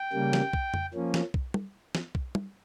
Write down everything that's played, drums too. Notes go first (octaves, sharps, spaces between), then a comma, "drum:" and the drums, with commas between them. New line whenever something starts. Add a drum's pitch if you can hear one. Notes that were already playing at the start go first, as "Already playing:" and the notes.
Already playing: G5
C#3 G3 A#3
drum: snare
drum: kick B1
drum: tom F2
F3 A#3 C#4
drum: snare
drum: kick B1
drum: tom
drum: snare
drum: kick B1
drum: tom